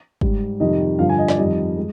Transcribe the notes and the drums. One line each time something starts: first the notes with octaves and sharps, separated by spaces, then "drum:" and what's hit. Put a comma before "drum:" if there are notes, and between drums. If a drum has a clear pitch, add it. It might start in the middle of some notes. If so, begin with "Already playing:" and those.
G#2 G3, drum: kick
F2 C3 D#3 G3 D#5
G2 D3 F3 F5
G#5
D#5
D5, drum: snare
F2 D#3 G3 D#5
G#3